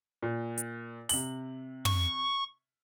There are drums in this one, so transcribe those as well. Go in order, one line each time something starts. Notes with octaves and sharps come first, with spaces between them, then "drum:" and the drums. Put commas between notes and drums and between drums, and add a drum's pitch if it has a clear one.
A#2
drum: hi-hat
C3 F#7, drum: open hi-hat
C#6, drum: tom